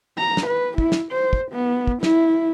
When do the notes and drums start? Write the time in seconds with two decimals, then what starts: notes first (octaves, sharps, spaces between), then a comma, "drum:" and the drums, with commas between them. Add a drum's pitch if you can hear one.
0.18 A#5
0.37 drum: snare
0.47 B4
0.78 E4, drum: kick
0.92 drum: snare
1.12 C5
1.33 drum: kick
1.52 B3
1.87 drum: kick
2.03 E4, drum: snare